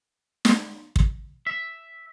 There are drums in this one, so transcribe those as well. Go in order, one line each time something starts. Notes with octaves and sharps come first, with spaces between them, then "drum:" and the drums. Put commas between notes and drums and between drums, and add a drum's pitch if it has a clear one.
drum: snare
drum: kick
E5